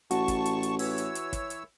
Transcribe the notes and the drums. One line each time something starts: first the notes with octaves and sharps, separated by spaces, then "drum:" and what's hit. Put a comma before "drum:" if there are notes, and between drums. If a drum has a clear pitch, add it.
A1 F#4 A5 C#6, drum: hi-hat
drum: kick, hi-hat
drum: hi-hat
drum: hi-hat
E3 C#5 E6, drum: open hi-hat
drum: hi-hat
drum: hi-hat
drum: kick, hi-hat
drum: hi-hat